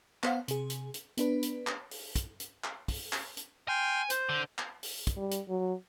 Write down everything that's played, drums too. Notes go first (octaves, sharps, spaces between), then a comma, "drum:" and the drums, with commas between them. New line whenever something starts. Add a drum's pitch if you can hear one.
B3 C5 F5 F#5, drum: clap
C3 G#4, drum: hi-hat
drum: hi-hat
drum: hi-hat
B3 D4 B4, drum: hi-hat
drum: hi-hat
drum: clap
drum: open hi-hat
drum: kick, hi-hat
drum: hi-hat
drum: clap
drum: kick, open hi-hat
drum: clap
drum: hi-hat
G5 G#5 C6 F6
C5, drum: hi-hat
D3
drum: clap
drum: open hi-hat
drum: kick, hi-hat
G3
drum: hi-hat
F#3